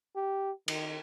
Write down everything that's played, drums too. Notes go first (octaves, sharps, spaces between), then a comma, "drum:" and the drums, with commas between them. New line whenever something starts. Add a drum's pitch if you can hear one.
G4
D#3, drum: cymbal